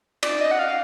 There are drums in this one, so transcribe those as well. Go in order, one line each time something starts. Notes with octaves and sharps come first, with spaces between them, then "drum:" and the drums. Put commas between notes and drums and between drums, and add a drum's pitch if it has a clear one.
D5, drum: cymbal
D#5
F#5
F5